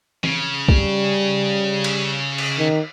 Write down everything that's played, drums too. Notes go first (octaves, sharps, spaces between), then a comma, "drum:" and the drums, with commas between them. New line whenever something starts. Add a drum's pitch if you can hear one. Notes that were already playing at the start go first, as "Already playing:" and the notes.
C#3, drum: tom E3
G3, drum: kick
drum: cymbal
drum: cymbal
D#3